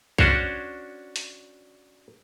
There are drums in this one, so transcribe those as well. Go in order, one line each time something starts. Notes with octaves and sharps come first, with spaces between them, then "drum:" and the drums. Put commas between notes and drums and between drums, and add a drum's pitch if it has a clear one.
C#4 D4 F#4 C5 C#5, drum: kick B1
drum: hi-hat